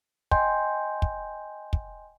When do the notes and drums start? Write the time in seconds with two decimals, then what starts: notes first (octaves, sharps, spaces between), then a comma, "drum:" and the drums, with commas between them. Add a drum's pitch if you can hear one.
0.32 D#5 G5 G#5 C6 G6, drum: kick
1.02 drum: kick
1.73 drum: kick